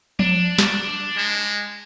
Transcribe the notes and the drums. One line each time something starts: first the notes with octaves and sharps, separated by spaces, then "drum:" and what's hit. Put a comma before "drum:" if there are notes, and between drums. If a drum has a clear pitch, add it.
D4, drum: tom F3
drum: snare
G#3